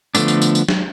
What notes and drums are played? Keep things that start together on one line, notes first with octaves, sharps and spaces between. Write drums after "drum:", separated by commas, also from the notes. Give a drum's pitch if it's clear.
D3 F3 A3 B3 D4, drum: tambourine
drum: tambourine
drum: tambourine
drum: tambourine
drum: snare